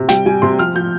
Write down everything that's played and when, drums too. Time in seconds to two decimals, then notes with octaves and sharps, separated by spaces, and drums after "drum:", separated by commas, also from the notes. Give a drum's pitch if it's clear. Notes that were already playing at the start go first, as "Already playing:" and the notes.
Already playing: C3
0.09 G3 G5, drum: snare
0.26 G3 G#5
0.42 C3 C6
0.59 F3 F6, drum: hi-hat
0.75 F3 G6